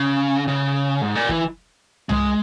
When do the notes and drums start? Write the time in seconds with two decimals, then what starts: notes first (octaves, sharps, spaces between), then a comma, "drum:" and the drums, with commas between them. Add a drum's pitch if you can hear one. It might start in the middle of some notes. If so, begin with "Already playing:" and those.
Already playing: C#3
0.48 C#3
1.01 G#2
1.15 A#2
1.29 E3, drum: kick
2.09 G#3, drum: tom C2